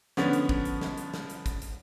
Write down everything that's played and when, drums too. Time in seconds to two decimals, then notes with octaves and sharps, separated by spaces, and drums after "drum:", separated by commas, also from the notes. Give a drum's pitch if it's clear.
0.17 D3 F3 B3 C#4, drum: snare
0.33 drum: hi-hat
0.49 drum: kick
0.65 drum: hi-hat
0.81 drum: snare
0.97 drum: hi-hat
1.14 drum: snare
1.30 drum: hi-hat
1.46 drum: kick, hi-hat
1.62 drum: hi-hat